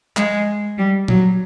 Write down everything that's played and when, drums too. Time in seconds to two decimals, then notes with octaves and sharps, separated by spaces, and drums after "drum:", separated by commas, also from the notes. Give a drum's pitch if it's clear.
0.17 G#3, drum: clap
0.78 G3
1.08 F#3, drum: tom A#2